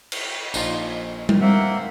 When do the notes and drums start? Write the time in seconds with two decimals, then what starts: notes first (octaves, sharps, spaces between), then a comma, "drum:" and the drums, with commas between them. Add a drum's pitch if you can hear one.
0.12 drum: cymbal
0.54 A#1 D#4 F4, drum: tambourine
1.29 drum: tom G3
1.41 A#3 C4 E5 F#5